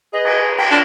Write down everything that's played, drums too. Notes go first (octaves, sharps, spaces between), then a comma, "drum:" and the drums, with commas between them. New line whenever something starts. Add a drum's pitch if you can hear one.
G#4 B4 D#5
drum: cymbal
G5, drum: cymbal
B3 C#4 D4 F4